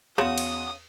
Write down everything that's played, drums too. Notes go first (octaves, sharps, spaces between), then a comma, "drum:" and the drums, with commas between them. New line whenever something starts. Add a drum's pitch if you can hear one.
E2 C#3 F#4 F#5 C6 D#6 E7, drum: rim click
drum: cymbal